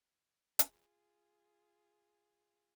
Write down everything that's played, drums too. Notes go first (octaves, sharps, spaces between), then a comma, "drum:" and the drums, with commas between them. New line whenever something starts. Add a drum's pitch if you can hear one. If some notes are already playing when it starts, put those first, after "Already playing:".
F4 G#4, drum: hi-hat